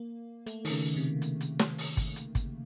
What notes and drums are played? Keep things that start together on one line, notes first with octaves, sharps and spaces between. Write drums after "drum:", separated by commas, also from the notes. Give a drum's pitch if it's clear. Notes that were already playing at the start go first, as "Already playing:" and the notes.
Already playing: A#3
A3, drum: hi-hat
D#3, drum: open hi-hat
C#3
C3
drum: hi-hat
drum: hi-hat
drum: snare
drum: open hi-hat
drum: kick, hi-hat
drum: hi-hat
drum: kick, hi-hat